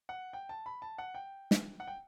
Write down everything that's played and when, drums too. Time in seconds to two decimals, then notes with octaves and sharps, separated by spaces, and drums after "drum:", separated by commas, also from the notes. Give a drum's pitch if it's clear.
0.09 F#5
0.33 G5
0.49 A5
0.66 B5
0.82 A5
0.98 F#5
1.14 G5
1.51 drum: snare
1.80 F#5
1.87 G5